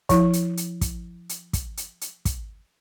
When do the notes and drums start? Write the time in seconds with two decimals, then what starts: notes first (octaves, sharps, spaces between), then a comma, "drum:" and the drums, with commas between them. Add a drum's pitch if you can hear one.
0.09 F3 E4, drum: kick, hi-hat
0.33 drum: hi-hat
0.57 drum: hi-hat
0.81 drum: kick, hi-hat
1.29 drum: hi-hat
1.53 drum: kick, hi-hat
1.77 drum: hi-hat
2.01 drum: hi-hat
2.25 drum: kick, hi-hat